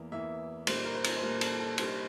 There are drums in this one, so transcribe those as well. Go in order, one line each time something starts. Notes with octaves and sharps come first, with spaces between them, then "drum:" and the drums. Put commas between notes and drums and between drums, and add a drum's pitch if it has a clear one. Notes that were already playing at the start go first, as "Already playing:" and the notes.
Already playing: E2 E3 A#3
E2 E3 A#3 E5
A#2 G3 A#3 C5, drum: cymbal
A#4
C5
drum: cymbal
C5
A#2 G3 A#3 A#4
A4, drum: cymbal
A4
C3 G3 A#3 C5, drum: cymbal